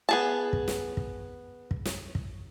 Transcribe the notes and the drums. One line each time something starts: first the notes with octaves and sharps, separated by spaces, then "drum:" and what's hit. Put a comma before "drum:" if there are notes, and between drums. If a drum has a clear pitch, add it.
B3 G#4 A5
drum: kick
drum: snare
drum: kick
drum: kick
drum: snare
drum: kick